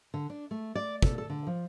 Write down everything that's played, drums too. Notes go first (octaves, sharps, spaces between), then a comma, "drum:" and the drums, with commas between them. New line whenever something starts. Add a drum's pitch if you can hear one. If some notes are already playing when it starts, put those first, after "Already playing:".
D3
D4
A3
D5
A4, drum: kick
A4
D3
F3